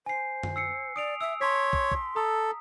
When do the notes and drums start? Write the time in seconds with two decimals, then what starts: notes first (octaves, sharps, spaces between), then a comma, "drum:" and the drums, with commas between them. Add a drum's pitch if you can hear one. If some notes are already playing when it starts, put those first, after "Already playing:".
0.06 C5 G#5 C7
0.43 drum: tom F#2
0.56 E6 C7 C#7
0.96 D5 D#6 D7 F7
1.21 E5 E6
1.41 C#5 A5 C6 B6
1.73 drum: kick
1.92 drum: kick
2.16 A4 A#5 D#6